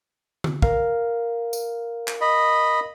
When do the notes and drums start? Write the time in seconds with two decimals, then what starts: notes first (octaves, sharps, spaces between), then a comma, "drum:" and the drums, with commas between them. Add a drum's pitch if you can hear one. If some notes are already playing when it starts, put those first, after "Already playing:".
0.44 drum: tom D3
0.62 A#4 F5, drum: kick
1.53 drum: tambourine
2.08 drum: clap
2.21 D#5 B5